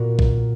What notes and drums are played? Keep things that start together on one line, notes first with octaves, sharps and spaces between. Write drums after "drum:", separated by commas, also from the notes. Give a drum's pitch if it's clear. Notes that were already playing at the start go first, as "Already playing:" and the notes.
Already playing: A#2 B3 F#4 A#4
drum: kick B1